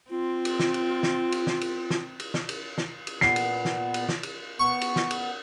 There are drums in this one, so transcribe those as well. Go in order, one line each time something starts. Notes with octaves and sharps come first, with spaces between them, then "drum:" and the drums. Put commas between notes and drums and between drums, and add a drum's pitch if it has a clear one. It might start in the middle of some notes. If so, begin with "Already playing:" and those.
C4 F4
drum: cymbal
drum: snare
drum: cymbal
drum: snare
drum: cymbal
drum: snare
drum: cymbal
drum: snare
drum: cymbal
drum: snare
drum: cymbal
drum: snare
drum: cymbal
A#2 B3 C7, drum: snare
drum: cymbal
drum: snare
drum: cymbal
drum: snare
drum: cymbal
B3 C#6
drum: cymbal
drum: snare
drum: cymbal